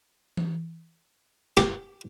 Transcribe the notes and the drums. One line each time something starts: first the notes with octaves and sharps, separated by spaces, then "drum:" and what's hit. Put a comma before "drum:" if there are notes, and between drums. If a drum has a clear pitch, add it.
drum: tom E3
G4, drum: snare